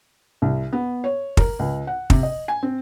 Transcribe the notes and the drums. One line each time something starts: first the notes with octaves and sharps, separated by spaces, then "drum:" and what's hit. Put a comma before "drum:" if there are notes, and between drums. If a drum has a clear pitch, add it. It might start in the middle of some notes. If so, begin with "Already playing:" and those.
C2
B3
C#5
A#4, drum: kick
C#2
F#5
C3, drum: kick
D#5
G#5
C4